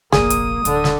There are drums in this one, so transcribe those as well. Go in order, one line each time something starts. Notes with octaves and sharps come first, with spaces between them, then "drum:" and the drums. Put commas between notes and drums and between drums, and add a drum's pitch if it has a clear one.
F1 A#1 A#3 G#4 D5 D#6, drum: snare
drum: hi-hat
D1 D3, drum: hi-hat
drum: snare